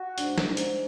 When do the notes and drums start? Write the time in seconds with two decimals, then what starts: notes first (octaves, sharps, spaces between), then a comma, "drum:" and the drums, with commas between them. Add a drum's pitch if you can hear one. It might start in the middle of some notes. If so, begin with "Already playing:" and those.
Already playing: F#4
0.18 G#2 D4, drum: hi-hat
0.38 drum: snare
0.48 G#2
0.57 drum: hi-hat